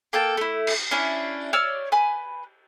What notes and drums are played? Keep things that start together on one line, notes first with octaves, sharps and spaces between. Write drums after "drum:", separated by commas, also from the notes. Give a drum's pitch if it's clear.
A#3 A4 G5 A5
A3 E4
drum: cymbal
C#4 D4 E4
C#5 D5 E6 F6
B4 G#5 B5